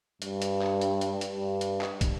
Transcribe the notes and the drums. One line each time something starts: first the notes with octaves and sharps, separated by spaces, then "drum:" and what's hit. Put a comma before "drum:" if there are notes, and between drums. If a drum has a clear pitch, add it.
G2, drum: hi-hat
drum: hi-hat
drum: clap
drum: hi-hat
drum: hi-hat
drum: hi-hat
G2
drum: hi-hat
drum: clap
drum: kick, hi-hat